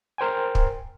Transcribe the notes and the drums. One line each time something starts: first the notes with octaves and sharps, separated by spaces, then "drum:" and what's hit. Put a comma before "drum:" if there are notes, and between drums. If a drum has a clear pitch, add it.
A#4 C5 G5 G#5
drum: kick